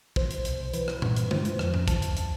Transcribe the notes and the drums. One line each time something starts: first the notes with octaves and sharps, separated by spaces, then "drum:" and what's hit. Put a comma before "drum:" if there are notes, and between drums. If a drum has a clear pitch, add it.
B2 C5, drum: kick
drum: hi-hat
C2, drum: hi-hat
E3 B4, drum: hi-hat
drum: rim click
G2, drum: tom A#2
drum: hi-hat
D3 C5, drum: tom G#3
drum: hi-hat
F2, drum: rim click
drum: tom G#2
D2 A5, drum: kick, hi-hat
drum: hi-hat
drum: hi-hat